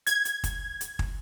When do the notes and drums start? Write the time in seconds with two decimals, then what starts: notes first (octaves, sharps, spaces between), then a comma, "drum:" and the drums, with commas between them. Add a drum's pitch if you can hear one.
0.07 G#6, drum: hi-hat
0.25 drum: hi-hat
0.44 drum: kick, hi-hat
0.81 drum: hi-hat
0.99 drum: kick